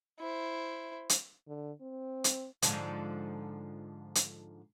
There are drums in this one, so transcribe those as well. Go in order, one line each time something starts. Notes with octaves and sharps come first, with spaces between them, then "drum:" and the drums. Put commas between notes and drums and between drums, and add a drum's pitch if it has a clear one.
E4 C5
drum: hi-hat
D3
C4
drum: hi-hat
G#2 D3 F3, drum: hi-hat
drum: hi-hat